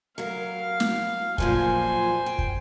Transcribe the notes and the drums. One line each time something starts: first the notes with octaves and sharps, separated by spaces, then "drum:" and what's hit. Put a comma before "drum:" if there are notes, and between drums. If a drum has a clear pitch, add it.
F#3 A#4 F5
drum: snare
A#2 F3 F#3 C5 G#5, drum: kick
G5
drum: kick